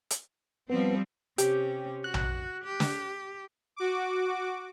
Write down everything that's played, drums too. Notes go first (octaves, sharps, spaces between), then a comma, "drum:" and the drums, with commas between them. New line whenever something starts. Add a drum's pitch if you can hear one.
drum: hi-hat
F3 G3 B3 C4
C3 C#4 G4, drum: hi-hat
F#4 F#6
drum: tom A#1
G4
drum: snare
F#4 D6